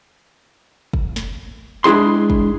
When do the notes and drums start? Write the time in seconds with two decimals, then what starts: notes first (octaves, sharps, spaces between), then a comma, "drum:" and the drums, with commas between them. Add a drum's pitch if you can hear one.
0.93 drum: kick
1.16 drum: snare
1.84 G#3 D4 E4 G#4 C6
2.30 drum: kick